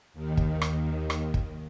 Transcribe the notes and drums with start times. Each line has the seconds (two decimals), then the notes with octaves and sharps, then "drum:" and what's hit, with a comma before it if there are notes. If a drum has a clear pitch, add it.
0.13 D#2 D#3
0.37 drum: kick
0.62 drum: rim click
1.10 drum: rim click
1.34 drum: kick